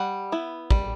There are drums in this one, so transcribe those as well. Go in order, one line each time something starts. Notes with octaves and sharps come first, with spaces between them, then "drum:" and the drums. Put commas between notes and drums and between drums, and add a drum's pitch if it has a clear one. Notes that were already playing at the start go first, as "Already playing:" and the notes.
Already playing: G3 F#5
B3 E4
G3, drum: kick